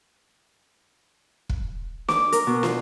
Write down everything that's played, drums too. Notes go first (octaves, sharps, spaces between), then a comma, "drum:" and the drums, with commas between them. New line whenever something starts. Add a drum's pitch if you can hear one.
drum: kick
D6, drum: snare
A#4, drum: hi-hat
B2
F4, drum: snare